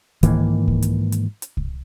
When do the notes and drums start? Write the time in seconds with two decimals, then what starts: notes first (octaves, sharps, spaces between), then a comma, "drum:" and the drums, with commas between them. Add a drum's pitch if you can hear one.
0.23 G#2 D#3 E3 A#3, drum: kick C2, hi-hat
0.68 drum: kick C2
0.82 drum: hi-hat
1.12 drum: hi-hat
1.42 drum: hi-hat
1.57 drum: kick C2